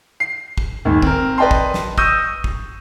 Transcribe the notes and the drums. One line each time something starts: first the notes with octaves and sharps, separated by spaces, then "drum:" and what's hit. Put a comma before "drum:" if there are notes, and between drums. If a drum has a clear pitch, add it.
C7
drum: kick
D#2 G#2
C4 A#4, drum: kick
B4 D5 D#5 G5 A5 C6
drum: kick
drum: snare
C#6 D#6 E6 G6 A#6 D#7, drum: kick
drum: kick